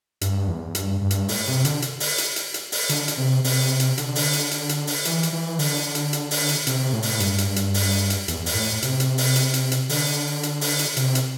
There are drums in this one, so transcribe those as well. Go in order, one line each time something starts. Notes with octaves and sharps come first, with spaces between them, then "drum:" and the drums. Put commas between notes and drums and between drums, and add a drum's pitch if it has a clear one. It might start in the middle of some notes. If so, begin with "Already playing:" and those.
G2, drum: hi-hat
E2
G2, drum: hi-hat
G2
drum: hi-hat
A2, drum: open hi-hat
C3
D3, drum: hi-hat
drum: hi-hat
drum: open hi-hat
drum: hi-hat
drum: hi-hat
drum: hi-hat
drum: open hi-hat
D3, drum: hi-hat
drum: hi-hat
C3
C3, drum: open hi-hat
drum: hi-hat
D3, drum: hi-hat
drum: open hi-hat
drum: hi-hat
drum: hi-hat
drum: hi-hat
drum: open hi-hat
E3, drum: hi-hat
drum: hi-hat
E3
D3, drum: open hi-hat
drum: hi-hat
drum: hi-hat
drum: open hi-hat
drum: hi-hat
C3, drum: hi-hat
A2
drum: open hi-hat
G2, drum: hi-hat
drum: hi-hat
drum: hi-hat
drum: open hi-hat
drum: hi-hat
E2, drum: hi-hat
drum: open hi-hat
A2
C3, drum: hi-hat
drum: hi-hat
drum: open hi-hat
drum: hi-hat
drum: hi-hat
drum: hi-hat
D3, drum: open hi-hat
drum: hi-hat
drum: open hi-hat
drum: hi-hat
C3, drum: hi-hat
drum: hi-hat